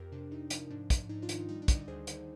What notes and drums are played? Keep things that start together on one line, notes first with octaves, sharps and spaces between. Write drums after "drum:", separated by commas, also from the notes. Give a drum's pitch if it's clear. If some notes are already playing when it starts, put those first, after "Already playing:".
Already playing: F2 G4 A#4
C3 D4
C3 D#4
F3, drum: hi-hat
G#2 D4
G#2, drum: kick, hi-hat
G#2 D#4
D4 F4
D#3, drum: hi-hat
D#4
G3 D#4
D4
D3, drum: kick, hi-hat
D#4
D2 G#4 C5
D3, drum: hi-hat